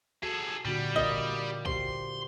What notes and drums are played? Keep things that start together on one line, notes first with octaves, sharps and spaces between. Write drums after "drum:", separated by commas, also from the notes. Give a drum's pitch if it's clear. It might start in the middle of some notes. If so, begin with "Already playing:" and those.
F#4 G#4 A4
A#2 D3 G3 F#4
F4 A#4 D5 D#5, drum: kick
G4 C5 C6, drum: kick